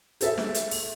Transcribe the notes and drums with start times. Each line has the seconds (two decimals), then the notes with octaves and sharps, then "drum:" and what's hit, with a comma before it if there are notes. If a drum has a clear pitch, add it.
0.21 G#4 A4 E5, drum: hi-hat
0.38 drum: snare
0.54 drum: hi-hat
0.71 drum: open hi-hat